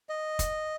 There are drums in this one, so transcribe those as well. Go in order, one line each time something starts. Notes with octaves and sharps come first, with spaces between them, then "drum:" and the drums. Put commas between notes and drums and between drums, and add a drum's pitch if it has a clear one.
D#5
drum: kick, hi-hat